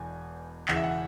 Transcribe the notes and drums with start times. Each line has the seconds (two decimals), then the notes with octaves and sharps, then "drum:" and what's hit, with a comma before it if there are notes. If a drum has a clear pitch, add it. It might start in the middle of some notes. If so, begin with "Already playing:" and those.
Already playing: E1 E2 B2 G#5
0.68 E1 E2 C#3 E3 F#5, drum: clap
0.76 E5
0.84 F#5